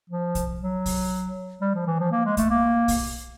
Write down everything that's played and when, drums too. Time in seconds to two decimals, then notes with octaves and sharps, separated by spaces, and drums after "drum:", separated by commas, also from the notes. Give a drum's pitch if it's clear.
0.10 F3
0.35 drum: kick, hi-hat
0.61 F#3
0.86 drum: kick, open hi-hat
1.61 G3
1.75 F3
1.87 E3
2.00 F3
2.12 A#3
2.25 G#3
2.37 A3, drum: kick, hi-hat
2.50 A#3
2.88 drum: kick, open hi-hat